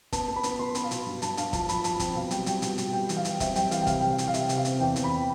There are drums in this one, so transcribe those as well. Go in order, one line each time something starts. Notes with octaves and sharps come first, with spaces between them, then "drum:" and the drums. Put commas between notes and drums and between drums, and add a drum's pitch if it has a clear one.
B3 A5, drum: kick, hi-hat
B3
B5
B3, drum: hi-hat
B3 C6
B3, drum: hi-hat
F5
B2, drum: hi-hat
G2
G2 A5, drum: hi-hat
G2 F5, drum: hi-hat
F3 A5, drum: kick, hi-hat
F3 B5, drum: hi-hat
F3 A5, drum: hi-hat
C4, drum: kick, hi-hat
B2 F5
G3 G5, drum: hi-hat
G3 G5, drum: hi-hat
B2, drum: hi-hat
B2, drum: hi-hat
G3 G5
E3, drum: hi-hat
F5
E3, drum: hi-hat
C4 E5, drum: kick, hi-hat
G3 G5, drum: hi-hat
E3 F5, drum: hi-hat
G5
C3 F5, drum: kick, hi-hat
C3 G5
F5
C3, drum: hi-hat
F5
C3 E5, drum: hi-hat
C3, drum: hi-hat
F5
C4, drum: hi-hat
E2 G5
E2, drum: hi-hat
B5